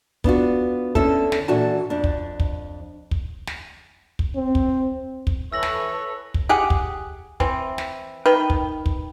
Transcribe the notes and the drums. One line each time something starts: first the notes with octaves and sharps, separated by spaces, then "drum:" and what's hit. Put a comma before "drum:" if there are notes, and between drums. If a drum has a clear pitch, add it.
B3 D4 F4 F#4, drum: kick
D3 C#4 E4 A4, drum: kick
drum: snare
A#2 E3 D4 F#4 A4 A5
F2 D4
drum: kick
drum: kick
drum: kick
drum: snare
drum: kick
C4
drum: kick
drum: kick
E3 A4 B4 C#5 E6 A#6 F#7
drum: snare
drum: kick
G4 G#4 F#5
drum: kick
E3 C4, drum: kick
drum: snare
D#3 B4 G5
drum: kick
drum: kick